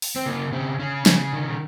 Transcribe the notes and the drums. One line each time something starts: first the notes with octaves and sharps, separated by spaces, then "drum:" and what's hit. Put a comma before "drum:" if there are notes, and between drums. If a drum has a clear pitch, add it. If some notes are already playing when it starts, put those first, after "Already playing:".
drum: open hi-hat
C4
C#3 A#3
C#3 C4
C#3 C#4
C#3, drum: snare
D#3